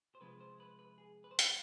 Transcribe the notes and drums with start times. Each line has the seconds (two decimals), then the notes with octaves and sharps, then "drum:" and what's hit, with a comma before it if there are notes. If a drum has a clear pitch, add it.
0.15 C5
0.21 C3 F3 G#3 B4
0.41 C5
0.60 B4
0.79 B4
0.98 G#4
1.24 B4
1.31 C5
1.39 B4, drum: hi-hat